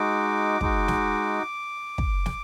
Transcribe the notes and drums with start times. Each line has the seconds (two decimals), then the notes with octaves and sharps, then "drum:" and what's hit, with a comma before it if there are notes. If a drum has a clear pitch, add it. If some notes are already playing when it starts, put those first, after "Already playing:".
Already playing: G#3 D#4 F#4 D6
0.61 G#3 D#4 F#4, drum: kick
0.88 drum: snare
1.98 drum: kick
2.26 drum: snare